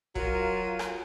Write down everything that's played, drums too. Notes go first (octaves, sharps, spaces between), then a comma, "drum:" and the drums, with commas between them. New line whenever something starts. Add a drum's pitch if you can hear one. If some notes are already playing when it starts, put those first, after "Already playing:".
F#3 F4 A#4 D#7, drum: kick
drum: rim click